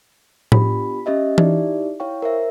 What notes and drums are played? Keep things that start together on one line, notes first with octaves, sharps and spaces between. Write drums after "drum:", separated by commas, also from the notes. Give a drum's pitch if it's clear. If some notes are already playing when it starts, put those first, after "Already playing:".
B3 D4 F4 G4 B5 B6, drum: tom A2
C#4 G4 D#5 E5
D#4 E4 G4 D5 E5, drum: tom E3
E4 C#5 F5 G5 C#6
A#4 C5 E5